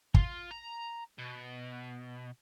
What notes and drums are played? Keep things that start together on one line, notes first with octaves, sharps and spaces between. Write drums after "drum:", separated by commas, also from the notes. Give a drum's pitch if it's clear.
F4, drum: kick
A#5
B2